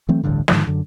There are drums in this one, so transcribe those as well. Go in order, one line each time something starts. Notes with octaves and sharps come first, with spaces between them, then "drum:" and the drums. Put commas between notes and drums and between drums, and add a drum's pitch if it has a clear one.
E3 F#3 A3 C4
D1 A1 G2 D3
G#2 D3 D#3 F3, drum: snare
F#2 D3